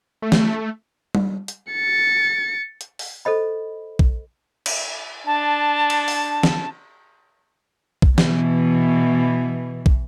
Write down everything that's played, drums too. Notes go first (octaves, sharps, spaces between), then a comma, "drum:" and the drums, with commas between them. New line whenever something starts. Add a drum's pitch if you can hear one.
A3
drum: snare
drum: tom G3
drum: hi-hat
A6 C#7
drum: hi-hat
drum: open hi-hat
A4 C5 D#5 B5
drum: kick
drum: cymbal
D4 A5
drum: cymbal
drum: open hi-hat
drum: snare
drum: kick
B2 E3, drum: snare
drum: kick